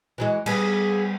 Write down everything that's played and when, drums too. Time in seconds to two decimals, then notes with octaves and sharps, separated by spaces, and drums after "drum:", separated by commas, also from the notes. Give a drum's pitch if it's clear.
0.18 E3 F#3 G#3
0.46 G3 B3 G#4, drum: cymbal